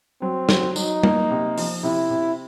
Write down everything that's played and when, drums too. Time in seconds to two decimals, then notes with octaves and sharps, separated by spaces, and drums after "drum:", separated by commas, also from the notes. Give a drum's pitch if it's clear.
0.22 F#3 C4
0.49 F#3, drum: snare
0.76 F#3 D#4, drum: tambourine
1.03 A#3, drum: tom G3
1.30 C3
1.58 F3, drum: open hi-hat
1.83 C3 E4
2.10 C3